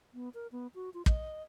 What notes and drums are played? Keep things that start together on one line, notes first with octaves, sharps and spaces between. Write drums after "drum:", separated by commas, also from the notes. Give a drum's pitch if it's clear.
B3
A#4
B3
F#4
F4
D#5, drum: kick